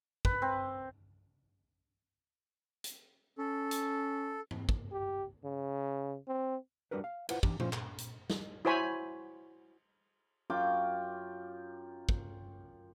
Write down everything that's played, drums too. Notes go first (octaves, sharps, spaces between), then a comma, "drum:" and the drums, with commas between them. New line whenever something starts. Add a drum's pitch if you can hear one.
B4, drum: kick
C4
drum: hi-hat
C#4 A4
drum: hi-hat
drum: tom G#2
drum: kick
G4
C#3
C4
G3 D4 F#4 A#4 B4
F5
E4 F4 B4 C5 F#5, drum: cymbal
E3 D4 G4 A#5, drum: kick
F3 C#4 F4 C5 C6, drum: tom A#2
drum: clap
drum: hi-hat
drum: snare
E4 F#4 C5 C#5 G#5 B5
F#2 F4 G5 D6
drum: kick